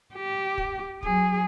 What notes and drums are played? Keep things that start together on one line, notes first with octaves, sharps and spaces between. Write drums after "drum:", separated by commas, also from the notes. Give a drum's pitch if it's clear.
G4
drum: kick
F#3 G#4, drum: kick